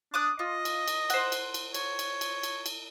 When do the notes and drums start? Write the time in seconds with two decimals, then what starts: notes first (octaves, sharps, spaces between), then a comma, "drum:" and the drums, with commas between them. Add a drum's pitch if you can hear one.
0.14 D4 D6 D#6 F#6
0.39 F4 D#5
0.65 drum: cymbal
0.88 drum: cymbal
1.10 C5 F#5, drum: cymbal
1.32 drum: cymbal
1.54 drum: cymbal
1.74 C#5, drum: cymbal
1.99 drum: cymbal
2.21 drum: cymbal
2.43 drum: cymbal
2.66 drum: cymbal